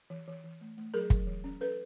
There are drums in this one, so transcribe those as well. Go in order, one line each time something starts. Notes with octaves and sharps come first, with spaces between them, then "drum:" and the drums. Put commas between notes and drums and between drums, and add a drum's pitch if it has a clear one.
E3
E3
E3
A3
A3
F#3 G#4 A#4
F#3, drum: kick
E3
C#4
C#4 A4 B4